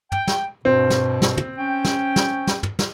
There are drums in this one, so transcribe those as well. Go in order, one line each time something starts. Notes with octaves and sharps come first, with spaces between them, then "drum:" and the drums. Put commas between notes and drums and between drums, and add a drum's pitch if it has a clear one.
G5, drum: tom
drum: snare
G2 B2 C4
drum: snare
drum: snare
drum: tom
C#4 G5
drum: snare
drum: snare
drum: snare
drum: tom
drum: snare